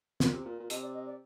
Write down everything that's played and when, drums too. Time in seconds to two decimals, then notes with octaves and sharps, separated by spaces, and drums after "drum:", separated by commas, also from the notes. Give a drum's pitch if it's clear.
0.20 A#2, drum: snare
0.33 C3
0.45 A#2
0.60 A#2
0.70 C3 D#5, drum: hi-hat
0.82 D5
0.94 D#5
1.06 D5